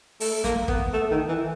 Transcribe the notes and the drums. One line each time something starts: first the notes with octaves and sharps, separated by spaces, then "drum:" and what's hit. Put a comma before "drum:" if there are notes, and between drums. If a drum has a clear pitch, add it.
A3, drum: open hi-hat
A#3, drum: snare
B3, drum: kick
A3
D#3
E3